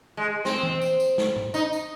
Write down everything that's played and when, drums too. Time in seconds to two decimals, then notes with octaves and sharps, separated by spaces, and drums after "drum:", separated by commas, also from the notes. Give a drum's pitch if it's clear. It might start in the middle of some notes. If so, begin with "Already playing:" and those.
0.17 G#3
0.45 C4, drum: snare
0.63 drum: tom
0.81 drum: tambourine
1.00 drum: tambourine
1.18 drum: snare
1.36 drum: tom G#2
1.54 D#4, drum: tambourine
1.73 drum: tambourine